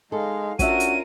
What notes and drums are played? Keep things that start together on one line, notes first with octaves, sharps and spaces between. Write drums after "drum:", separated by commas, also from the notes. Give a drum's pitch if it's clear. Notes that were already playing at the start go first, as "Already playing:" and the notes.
G#3 D#4 A4 F5
C#4 D4 F4 F#4 A#4 E5 D#7, drum: kick, hi-hat
drum: hi-hat